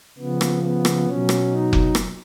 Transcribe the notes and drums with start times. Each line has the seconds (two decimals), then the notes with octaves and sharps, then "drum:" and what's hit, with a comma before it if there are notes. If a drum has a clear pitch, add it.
0.18 C#3 F3 B3
0.41 drum: rim click
0.63 B3
0.85 drum: rim click
1.07 B2 F#3 C#4
1.29 drum: rim click
1.50 D#4
1.73 drum: kick F1
1.95 drum: rim click